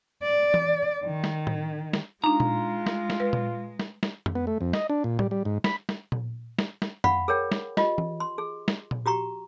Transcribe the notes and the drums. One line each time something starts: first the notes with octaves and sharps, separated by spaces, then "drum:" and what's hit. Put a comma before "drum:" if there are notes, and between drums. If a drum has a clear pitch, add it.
D5
drum: tom E3
D#3
drum: snare
drum: tom A2
drum: snare
G#3 D4 D#4 F4 A#5
drum: tom A#2
drum: snare
drum: snare
B4
drum: tom A#2
drum: snare
drum: snare
drum: tom F2
B3
A3
F2
D#5, drum: snare
D4
A#2
G3, drum: tom A2
G3
G#2
B5, drum: snare
drum: snare
drum: tom A#2
drum: snare
drum: snare
F5 F#5 B5 C#6, drum: tom F2
G#4 A#4 C#5 G5
drum: snare
F4 G4 D#5, drum: snare
drum: tom E3
C6
G#4
drum: snare
drum: tom A#2
F#4 G4 A#5 C#6